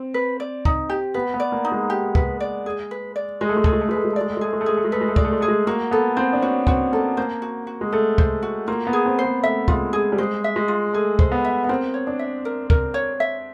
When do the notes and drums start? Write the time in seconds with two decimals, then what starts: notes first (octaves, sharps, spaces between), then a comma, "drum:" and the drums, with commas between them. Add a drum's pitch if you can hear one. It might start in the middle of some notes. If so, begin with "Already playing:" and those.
Already playing: C4
0.14 B4
0.40 D5
0.65 D#4, drum: kick C#2
0.90 G4
1.14 B3 B4
1.34 B3
1.40 D5
1.52 A#3
1.65 D#4
1.72 G#3
1.90 G4
2.15 B4, drum: kick C#2
2.40 D5
2.66 G#4
2.91 B4
3.16 D5
3.41 G#3 G#4
3.49 A3
3.57 G#3
3.64 A3 G#4, drum: kick C#2
3.73 G#3
3.81 A3
3.89 G#3 B4
3.96 A3
4.05 G#3
4.13 A3
4.16 G#3 D5
4.28 A3
4.37 G#3
4.41 A3 G#4
4.53 G#3
4.61 A3
4.66 G#3 G#4
4.77 A3
4.85 G#3
4.92 A3 B4
5.01 G#3
5.08 A3
5.16 G#3 D5, drum: kick C#2
5.25 A3
5.32 G#3
5.41 A3 G#4
5.48 G#3
5.67 A#3 F#4
5.91 B3 A4
6.17 C4 C5
6.33 D4
6.42 C#4 F#4
6.67 C4 F#4, drum: kick C#2
6.92 A#3 A4
7.17 A#3 C5
7.42 F#4
7.67 F#4
7.81 G#3
7.92 A3 A4
8.18 C5, drum: kick C#2
8.43 F#4
8.68 A#3 F4
8.87 B3
8.93 G#4
9.06 C4
9.19 C5
9.24 B3
9.43 A3 E5
9.68 G#3 F4, drum: kick C#2
9.93 G#3 G#4
10.12 G3
10.18 G#3 C5
10.44 E5
10.56 G#3
10.68 F4
10.93 A3 G#4
11.19 C5, drum: kick C#2
11.32 B3
11.44 E5
11.64 B3
11.69 C4 A#4
11.94 C#5
12.07 D4
12.19 E5
12.45 A#4
12.70 A#4, drum: kick C#2
12.94 C#5
13.20 E5